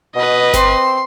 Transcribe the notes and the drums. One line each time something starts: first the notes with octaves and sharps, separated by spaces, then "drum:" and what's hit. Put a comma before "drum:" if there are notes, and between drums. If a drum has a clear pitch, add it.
B2 B4 D#5
C4 C6, drum: snare G1